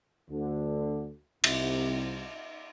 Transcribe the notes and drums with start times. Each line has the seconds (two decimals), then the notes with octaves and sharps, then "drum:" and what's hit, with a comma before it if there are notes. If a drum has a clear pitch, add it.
0.30 D2 D3
1.44 C2 C3, drum: cymbal